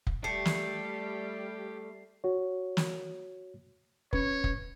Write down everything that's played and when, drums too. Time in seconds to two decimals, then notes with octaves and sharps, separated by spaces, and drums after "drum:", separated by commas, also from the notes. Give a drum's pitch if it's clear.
0.07 drum: kick F1
0.24 G3 A3 G4 C7
0.45 drum: snare
2.24 F#4 C#5
2.77 drum: snare
4.13 C#4 B4 C#5, drum: kick F1
4.44 drum: kick F1